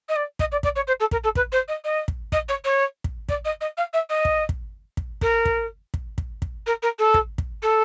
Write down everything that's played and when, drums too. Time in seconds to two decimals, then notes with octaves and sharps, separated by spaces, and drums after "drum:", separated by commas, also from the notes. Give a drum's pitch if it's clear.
0.08 D#5
0.15 D5
0.39 D#5, drum: kick
0.51 D5
0.63 D5, drum: kick
0.75 C#5
0.87 C5
1.00 A4
1.11 A#4, drum: kick
1.23 A4
1.35 B4, drum: kick
1.52 C5
1.68 D#5
1.84 D#5
2.08 drum: kick
2.32 D#5, drum: kick
2.48 C#5
2.64 C#5
3.04 drum: kick
3.29 D5, drum: kick
3.44 D#5
3.60 D#5
3.77 F5
3.93 E5
4.09 D#5
4.25 drum: kick
4.49 drum: kick
4.97 drum: kick
5.21 A#4, drum: kick
5.45 drum: kick
5.94 drum: kick
6.18 drum: kick
6.42 drum: kick
6.66 A#4
6.82 A#4
6.98 A4
7.14 drum: kick
7.38 drum: kick
7.62 A4